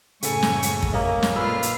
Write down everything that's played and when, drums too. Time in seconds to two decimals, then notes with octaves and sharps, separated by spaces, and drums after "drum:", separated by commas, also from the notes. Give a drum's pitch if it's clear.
0.23 F#2 A2 C#3 A4 G#5 C#6, drum: hi-hat
0.43 drum: snare
0.63 drum: hi-hat
0.83 drum: kick
0.92 A#3 C#4 D#5 E5
1.23 drum: snare
1.36 A#2 F4 A4 B4 F5 E6 F6
1.63 drum: hi-hat